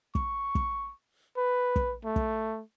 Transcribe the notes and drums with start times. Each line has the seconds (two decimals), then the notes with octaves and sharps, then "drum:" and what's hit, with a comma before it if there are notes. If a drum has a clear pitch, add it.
0.15 C#6, drum: kick
0.55 drum: kick
1.37 B4
1.76 drum: kick
2.04 A3
2.16 drum: kick